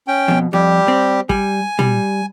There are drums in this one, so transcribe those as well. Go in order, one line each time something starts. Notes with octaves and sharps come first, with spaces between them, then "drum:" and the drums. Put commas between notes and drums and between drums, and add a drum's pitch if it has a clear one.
C#4 G5
F2 B2
F2 G3 G4
C4
G3 G#5, drum: kick
G3, drum: tom